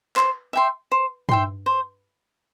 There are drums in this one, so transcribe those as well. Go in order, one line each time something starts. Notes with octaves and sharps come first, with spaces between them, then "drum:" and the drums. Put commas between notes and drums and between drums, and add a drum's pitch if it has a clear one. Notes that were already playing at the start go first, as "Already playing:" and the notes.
C5, drum: clap
E5 G5 C6
C5
E5 G5 C6, drum: tom G2
C5